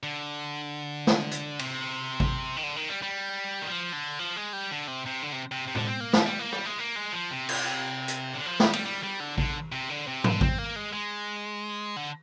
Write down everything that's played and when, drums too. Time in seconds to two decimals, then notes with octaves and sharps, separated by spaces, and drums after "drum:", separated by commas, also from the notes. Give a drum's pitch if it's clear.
0.03 D3
1.07 drum: snare
1.31 drum: hi-hat
1.59 C3, drum: cymbal
2.20 drum: kick A1
2.56 D#3
2.63 D3
2.76 D#3
2.89 G3
3.03 G3
3.62 D#3
3.67 F3
3.92 D3
4.19 F3
4.37 G#3
4.53 G3
4.71 D3
4.88 C3
5.06 C3
5.23 D3
5.32 C3
5.51 C3
5.68 C3
5.75 D3, drum: tom A2
5.87 C4
6.00 A#3
6.13 G3, drum: snare
6.26 G3
6.39 A#3
6.52 G3, drum: rim click
6.65 G#3
6.79 A#3
6.96 G#3
7.13 F3
7.31 C3
7.49 drum: cymbal
8.08 drum: hi-hat
8.33 D3
8.46 F3
8.60 G3, drum: snare
8.73 G3, drum: cymbal
8.85 G3
9.03 G3
9.20 D3
9.38 D3, drum: kick A1
9.72 C3
9.90 D3
10.07 C3
10.24 D3, drum: tom G#2
10.41 C4, drum: kick A1
10.59 A#3
10.76 G#3
10.93 G#3
11.97 D3